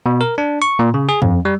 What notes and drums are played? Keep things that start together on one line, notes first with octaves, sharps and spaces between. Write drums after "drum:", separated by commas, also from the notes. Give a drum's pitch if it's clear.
B2
A#4
D4
C#6
A#2
C#3
G#4
F2, drum: tom F#2
G3